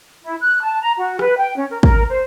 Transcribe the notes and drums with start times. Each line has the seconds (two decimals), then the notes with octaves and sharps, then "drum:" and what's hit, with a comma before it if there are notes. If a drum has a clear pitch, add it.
0.22 E4
0.40 F#6
0.63 A5
0.81 A#5
0.97 F#4
1.19 B4, drum: rim click
1.37 G5
1.56 C#4
1.70 A#4
1.83 A#4, drum: kick
2.09 C5